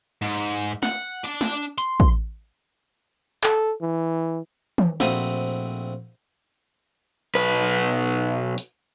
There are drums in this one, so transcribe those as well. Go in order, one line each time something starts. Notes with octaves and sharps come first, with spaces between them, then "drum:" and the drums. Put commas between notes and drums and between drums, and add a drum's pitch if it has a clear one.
G#2
F#5, drum: snare
D4 A5, drum: tambourine
drum: snare
C6, drum: hi-hat
drum: kick
A4, drum: clap
E3
drum: tom
A#1 A3 C4 F#4 B5 D#6, drum: snare
B1 B4
drum: hi-hat